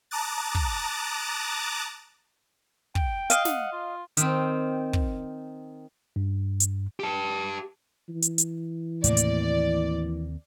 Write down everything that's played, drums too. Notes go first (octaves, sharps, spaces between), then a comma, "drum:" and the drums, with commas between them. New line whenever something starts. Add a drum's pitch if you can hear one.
A5 A#5 D6 D#6 F#6 A6
drum: kick
G5, drum: kick
D#5 F5, drum: hi-hat
F#5, drum: snare
F4
D#3 C4, drum: hi-hat
drum: kick
G2
drum: hi-hat
G4 A5
E3
drum: hi-hat
drum: hi-hat
D#2 A2 C3 A#3 D5, drum: hi-hat
drum: hi-hat